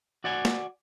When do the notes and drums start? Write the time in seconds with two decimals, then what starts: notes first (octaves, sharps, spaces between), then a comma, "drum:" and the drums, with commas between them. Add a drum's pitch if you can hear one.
0.24 F#4 D5 F#5 G#5
0.45 drum: snare